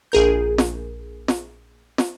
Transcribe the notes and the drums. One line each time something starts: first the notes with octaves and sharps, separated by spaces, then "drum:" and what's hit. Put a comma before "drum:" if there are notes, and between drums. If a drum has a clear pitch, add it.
A#1 G#4 A#4 G6
drum: snare
drum: snare
drum: snare